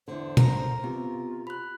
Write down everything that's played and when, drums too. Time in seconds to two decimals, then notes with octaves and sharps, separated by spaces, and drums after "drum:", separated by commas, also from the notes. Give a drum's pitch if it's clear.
0.08 E2 D3 C5
0.37 A#4, drum: tom
0.84 C3 B3 F4
1.47 B5 F#6